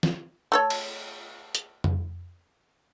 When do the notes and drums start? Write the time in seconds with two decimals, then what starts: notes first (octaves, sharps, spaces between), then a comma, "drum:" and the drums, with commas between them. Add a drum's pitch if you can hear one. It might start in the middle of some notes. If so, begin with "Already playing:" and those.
0.03 drum: snare
0.52 A3 A4 C#5
0.70 drum: cymbal
1.55 drum: hi-hat
1.84 drum: tom F2